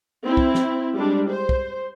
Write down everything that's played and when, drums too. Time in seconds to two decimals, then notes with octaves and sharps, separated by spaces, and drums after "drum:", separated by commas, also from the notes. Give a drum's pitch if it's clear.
0.24 C4 E4
0.37 drum: kick
0.55 drum: snare
0.95 G3 G#3 D4
1.29 C5
1.49 drum: kick